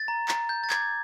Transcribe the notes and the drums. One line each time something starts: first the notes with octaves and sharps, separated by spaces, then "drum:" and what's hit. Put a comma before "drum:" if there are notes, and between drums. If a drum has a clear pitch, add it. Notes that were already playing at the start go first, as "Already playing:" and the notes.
Already playing: A6
A#5
A#5, drum: clap
G6
A6
D6 G#6, drum: clap